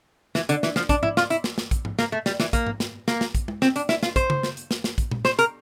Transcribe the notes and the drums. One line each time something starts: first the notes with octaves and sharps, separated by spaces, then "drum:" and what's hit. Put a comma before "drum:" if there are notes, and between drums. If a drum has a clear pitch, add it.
E3, drum: snare
D3, drum: hi-hat
E3, drum: snare
F3, drum: snare
D4, drum: kick, hi-hat
E4, drum: tom G#2
F4, drum: snare
E4, drum: hi-hat
drum: snare
drum: snare
drum: kick, hi-hat
drum: tom G#2
A#3, drum: snare
A3
G3, drum: snare
E3, drum: snare
A#3, drum: kick, hi-hat
drum: tom G#2
drum: snare
A#3, drum: snare
drum: snare
drum: kick, hi-hat
drum: tom G#3
C4, drum: snare
D4, drum: hi-hat
E4, drum: snare
F4, drum: snare
C5, drum: kick, hi-hat
drum: tom C#3
drum: snare
drum: hi-hat
drum: snare
drum: snare
drum: kick, hi-hat
drum: tom A#2
C5, drum: snare
A#4, drum: hi-hat